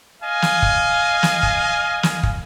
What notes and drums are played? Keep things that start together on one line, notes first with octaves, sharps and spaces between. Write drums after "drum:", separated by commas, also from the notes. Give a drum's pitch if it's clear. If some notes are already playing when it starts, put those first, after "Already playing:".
D#5 F5 G#5
drum: snare
drum: kick
drum: snare
drum: kick
drum: snare
drum: kick